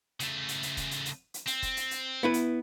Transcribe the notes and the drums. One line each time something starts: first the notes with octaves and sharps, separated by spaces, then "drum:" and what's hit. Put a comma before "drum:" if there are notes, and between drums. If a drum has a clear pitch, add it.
C#3 A3, drum: hi-hat
drum: hi-hat
drum: hi-hat
drum: kick E1, hi-hat
drum: hi-hat
drum: hi-hat
drum: hi-hat
C4, drum: hi-hat
drum: kick E1, hi-hat
drum: hi-hat
drum: hi-hat
B3 E4 B4
drum: hi-hat